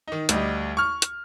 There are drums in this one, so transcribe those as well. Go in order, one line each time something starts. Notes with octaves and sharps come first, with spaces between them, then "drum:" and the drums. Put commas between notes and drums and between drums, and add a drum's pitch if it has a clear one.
D#3 D#4
D2 G3 D#5, drum: hi-hat
C#6 F6
drum: hi-hat